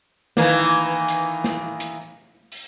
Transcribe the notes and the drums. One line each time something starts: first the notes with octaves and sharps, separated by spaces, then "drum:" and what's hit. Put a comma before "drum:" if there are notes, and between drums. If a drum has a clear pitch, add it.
D#3 E3 A#3, drum: snare
drum: hi-hat
drum: snare
drum: hi-hat
drum: open hi-hat